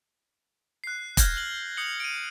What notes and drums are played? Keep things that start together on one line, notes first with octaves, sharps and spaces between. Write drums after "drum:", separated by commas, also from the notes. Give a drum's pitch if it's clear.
F#6 C7
F6 G6 G#6 A#6, drum: kick E1, hi-hat
F6 F#7 G7
D#6 G6 C#7 F#7 G7
D7 D#7